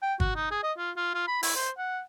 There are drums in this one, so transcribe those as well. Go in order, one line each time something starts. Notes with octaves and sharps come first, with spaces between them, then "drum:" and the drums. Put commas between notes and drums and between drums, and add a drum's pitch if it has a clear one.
G5
F#4, drum: kick G1
D#4
G#4
D#5
F4
F4
F4
B5
E4, drum: open hi-hat
C5
F#5